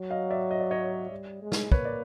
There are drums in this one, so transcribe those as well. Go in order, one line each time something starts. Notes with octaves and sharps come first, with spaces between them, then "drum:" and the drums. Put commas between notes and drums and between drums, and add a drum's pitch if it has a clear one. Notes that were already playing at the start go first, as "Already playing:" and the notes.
Already playing: F#3
D#5 F5
D5 E5
D#5
D5
C#5 D#5
G3
G#3
drum: snare
A#3 B4 C#5, drum: kick
D5